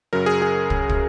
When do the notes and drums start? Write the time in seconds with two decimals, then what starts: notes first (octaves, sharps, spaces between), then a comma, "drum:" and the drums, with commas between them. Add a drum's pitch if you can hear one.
0.13 F#2 C#3 F#3 A#4
0.26 G#4
0.42 G#4
0.70 drum: kick
0.89 drum: kick